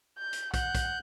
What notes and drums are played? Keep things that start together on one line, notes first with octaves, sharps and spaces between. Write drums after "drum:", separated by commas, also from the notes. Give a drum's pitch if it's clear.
G6
drum: hi-hat
F#5 F#6 G6, drum: kick, hi-hat
drum: kick, hi-hat